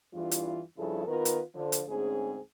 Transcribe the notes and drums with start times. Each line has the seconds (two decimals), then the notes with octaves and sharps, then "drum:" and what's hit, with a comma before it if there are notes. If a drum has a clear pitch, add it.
0.13 E2 G2 E3 F4
0.31 drum: hi-hat
0.78 G2 C#3 F3 E4 G#4 A4
1.07 D#3 B3 F4 A#4 B4
1.25 drum: hi-hat
1.55 D3 F3
1.72 drum: hi-hat
1.88 D2 G#2 C4 C#4 G#4